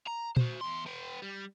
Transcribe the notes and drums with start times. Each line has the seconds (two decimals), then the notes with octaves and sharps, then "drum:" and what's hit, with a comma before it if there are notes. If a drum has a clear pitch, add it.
0.07 A#5
0.37 F#4 C5, drum: tom
0.61 E2 C6
0.86 B3 G5
1.22 G3